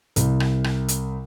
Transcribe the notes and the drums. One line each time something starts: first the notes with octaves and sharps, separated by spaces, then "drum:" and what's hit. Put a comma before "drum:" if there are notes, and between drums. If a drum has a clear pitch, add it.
C2, drum: hi-hat
drum: rim click
drum: rim click
drum: hi-hat